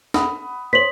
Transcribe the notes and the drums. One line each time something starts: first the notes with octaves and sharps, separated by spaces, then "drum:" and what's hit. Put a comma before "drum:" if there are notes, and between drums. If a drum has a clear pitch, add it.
F#5 B5 D#6, drum: snare
C5 C#5 B6 F#7